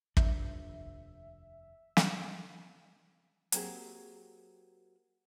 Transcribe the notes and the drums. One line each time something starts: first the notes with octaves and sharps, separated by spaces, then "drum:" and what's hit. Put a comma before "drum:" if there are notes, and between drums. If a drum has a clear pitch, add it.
F1 D#2 D4 E5, drum: kick
drum: snare
F#3 A#3 C4 G4 G#4, drum: hi-hat